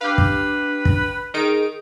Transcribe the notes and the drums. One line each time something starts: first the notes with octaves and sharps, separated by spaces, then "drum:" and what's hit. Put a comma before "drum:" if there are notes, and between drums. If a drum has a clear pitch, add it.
D4 G4 B4 F5
drum: kick
drum: kick
D#3 D#4 G#4 D7